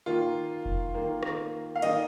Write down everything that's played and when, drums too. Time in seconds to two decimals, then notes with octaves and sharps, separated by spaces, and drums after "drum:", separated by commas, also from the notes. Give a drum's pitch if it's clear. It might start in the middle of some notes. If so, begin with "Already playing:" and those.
0.06 D#3 A#3 F4
0.65 drum: kick F1
0.94 D#3 A#3
1.23 drum: rim click
1.75 F5
1.82 D#3 A#3 D#5, drum: cymbal